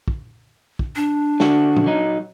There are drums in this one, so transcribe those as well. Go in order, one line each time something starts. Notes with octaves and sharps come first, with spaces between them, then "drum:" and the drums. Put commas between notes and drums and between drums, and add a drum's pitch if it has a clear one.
drum: kick
drum: kick
D4
D3 F#4, drum: snare
drum: tom
F#3 D#4